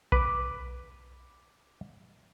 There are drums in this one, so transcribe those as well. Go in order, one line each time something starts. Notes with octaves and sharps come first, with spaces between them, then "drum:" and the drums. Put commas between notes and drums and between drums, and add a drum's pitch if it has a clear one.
B4 D6, drum: kick B1